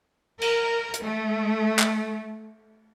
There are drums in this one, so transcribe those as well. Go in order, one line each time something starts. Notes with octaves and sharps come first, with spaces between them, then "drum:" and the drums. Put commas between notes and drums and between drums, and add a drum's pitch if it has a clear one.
A#4, drum: cymbal
drum: hi-hat
A3
drum: clap